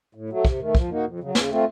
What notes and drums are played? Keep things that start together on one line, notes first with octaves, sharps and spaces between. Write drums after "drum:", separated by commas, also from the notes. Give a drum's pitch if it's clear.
A2
F#3 A3
C3, drum: kick
D#3 A3
F3, drum: kick
A#3 D#4 F#4
F2
C#3 F#3
C#3, drum: snare
A3 C4 F4